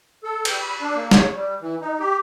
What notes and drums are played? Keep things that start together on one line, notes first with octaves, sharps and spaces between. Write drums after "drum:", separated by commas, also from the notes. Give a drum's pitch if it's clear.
A4
G5, drum: cymbal
B5
D4
A#3
C#5, drum: snare
G3
E3
D#4
G4